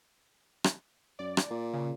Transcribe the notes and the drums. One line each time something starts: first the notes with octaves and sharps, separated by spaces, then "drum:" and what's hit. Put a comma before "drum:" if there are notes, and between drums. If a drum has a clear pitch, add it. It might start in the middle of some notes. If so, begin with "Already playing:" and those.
drum: rim click
F#2 D5
drum: rim click
A#2
C#3